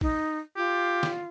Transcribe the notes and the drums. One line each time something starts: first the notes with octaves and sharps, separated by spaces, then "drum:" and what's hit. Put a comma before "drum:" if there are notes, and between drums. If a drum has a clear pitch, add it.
D#4, drum: kick
F4 G4
drum: snare